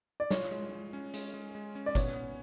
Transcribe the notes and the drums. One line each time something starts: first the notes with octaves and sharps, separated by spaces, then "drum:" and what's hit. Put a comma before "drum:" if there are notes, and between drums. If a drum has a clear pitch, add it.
D5
F4 C#5, drum: snare
G#3
G#3
C#4
G#3, drum: hi-hat
G#3
G#3
C#4
D5
B3 C#5, drum: kick G1, hi-hat
B3